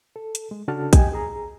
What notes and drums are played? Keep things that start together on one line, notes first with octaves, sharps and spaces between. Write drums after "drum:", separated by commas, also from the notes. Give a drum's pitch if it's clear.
A4
drum: hi-hat
G#3
C#3 D4 F#4 A4 A5 F6
G4 D#5 G5 G#5, drum: kick A#1, hi-hat
G#4 A#5